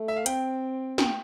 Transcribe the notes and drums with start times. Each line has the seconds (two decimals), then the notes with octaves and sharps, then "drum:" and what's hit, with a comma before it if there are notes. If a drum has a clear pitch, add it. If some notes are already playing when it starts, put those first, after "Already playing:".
Already playing: A3
0.08 E5
0.16 F5
0.26 C4 G5, drum: hi-hat
0.98 G5, drum: snare